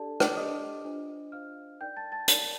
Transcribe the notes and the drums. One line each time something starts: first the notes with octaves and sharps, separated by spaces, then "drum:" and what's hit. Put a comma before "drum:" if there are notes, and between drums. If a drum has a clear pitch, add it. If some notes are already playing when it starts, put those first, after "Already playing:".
Already playing: D4 G4 A4 D5 A5
D5 D6, drum: rim click
D4 G4 D5 D#5 D#6
D4 F4 C5
D4 F4 C5 F5 F6
D#4 A#4 D5 G5 G6
A5 A6
A5 A6
D#4 A#4 D5, drum: hi-hat